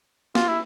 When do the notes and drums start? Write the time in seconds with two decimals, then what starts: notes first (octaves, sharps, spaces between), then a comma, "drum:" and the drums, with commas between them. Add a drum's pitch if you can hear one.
0.35 F4, drum: snare
0.47 E4